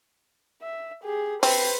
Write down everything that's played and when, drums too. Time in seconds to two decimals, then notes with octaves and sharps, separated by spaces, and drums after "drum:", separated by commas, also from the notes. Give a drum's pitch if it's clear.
0.62 E5
1.04 G4 G#4
1.43 C4 B4 C5, drum: open hi-hat